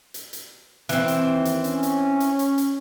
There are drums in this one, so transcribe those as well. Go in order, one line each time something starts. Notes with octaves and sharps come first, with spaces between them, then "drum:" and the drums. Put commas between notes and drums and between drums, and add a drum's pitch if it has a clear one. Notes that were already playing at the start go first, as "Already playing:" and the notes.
drum: hi-hat
drum: hi-hat
E3 C4, drum: hi-hat
drum: hi-hat
D#2
drum: hi-hat
C#4, drum: hi-hat
drum: hi-hat
drum: hi-hat
drum: hi-hat
drum: hi-hat